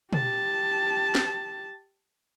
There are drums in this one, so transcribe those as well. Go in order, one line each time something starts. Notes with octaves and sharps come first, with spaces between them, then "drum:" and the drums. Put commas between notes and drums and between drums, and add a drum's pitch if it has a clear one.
G4 A5, drum: tom
drum: snare